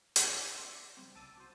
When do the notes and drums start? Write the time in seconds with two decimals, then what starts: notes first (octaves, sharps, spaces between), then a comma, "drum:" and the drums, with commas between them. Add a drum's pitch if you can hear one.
0.16 G#1 G#4, drum: hi-hat
0.36 D5
0.51 D5 E5 C6 D6 E6
0.97 C#3 G3 C4
1.15 C2 A5 D6 E6 A6 D#7
1.38 F#4 C5